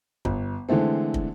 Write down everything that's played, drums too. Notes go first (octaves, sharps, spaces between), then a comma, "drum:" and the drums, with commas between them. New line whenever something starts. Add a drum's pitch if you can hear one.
G1, drum: kick
D3 E3 G#3 A3 C4
drum: kick